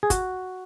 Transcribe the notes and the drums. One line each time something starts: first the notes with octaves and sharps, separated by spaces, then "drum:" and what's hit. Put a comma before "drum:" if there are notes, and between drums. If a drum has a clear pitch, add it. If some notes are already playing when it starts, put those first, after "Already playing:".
G#4
F#4, drum: kick, hi-hat